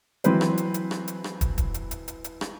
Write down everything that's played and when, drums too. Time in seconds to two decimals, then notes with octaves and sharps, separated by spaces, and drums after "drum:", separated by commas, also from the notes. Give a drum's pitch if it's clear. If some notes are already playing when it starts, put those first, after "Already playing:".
0.24 E3 F#3 C4 B4 C5, drum: hi-hat
0.41 drum: rim click
0.58 drum: hi-hat
0.74 drum: hi-hat
0.91 drum: rim click
1.08 drum: hi-hat
1.24 drum: rim click
1.41 drum: kick, hi-hat
1.58 drum: kick, hi-hat
1.74 drum: hi-hat
1.91 drum: hi-hat
2.08 drum: hi-hat
2.24 drum: hi-hat
2.41 drum: rim click